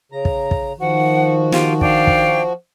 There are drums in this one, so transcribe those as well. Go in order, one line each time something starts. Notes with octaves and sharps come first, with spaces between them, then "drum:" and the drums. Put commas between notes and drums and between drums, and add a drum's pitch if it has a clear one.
C#3 A#5
drum: kick
drum: kick
D#3 F3 F#4 F#5
F4 G4, drum: snare
D4 F5 G5, drum: kick
drum: kick